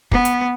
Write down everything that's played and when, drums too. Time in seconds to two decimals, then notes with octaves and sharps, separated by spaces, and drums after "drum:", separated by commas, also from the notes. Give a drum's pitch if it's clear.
0.12 B3, drum: kick
0.25 drum: hi-hat